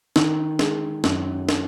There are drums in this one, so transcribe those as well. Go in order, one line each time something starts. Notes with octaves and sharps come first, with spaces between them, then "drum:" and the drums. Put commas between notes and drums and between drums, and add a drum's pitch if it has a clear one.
D#3, drum: snare
G#3, drum: snare
F#2, drum: snare
drum: snare